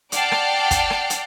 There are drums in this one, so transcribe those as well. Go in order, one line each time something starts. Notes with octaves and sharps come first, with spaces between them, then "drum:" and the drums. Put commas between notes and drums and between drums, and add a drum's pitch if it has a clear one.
D5 F#5 G5 A5 F6 C7, drum: hi-hat
drum: rim click
drum: kick, hi-hat
drum: rim click
drum: hi-hat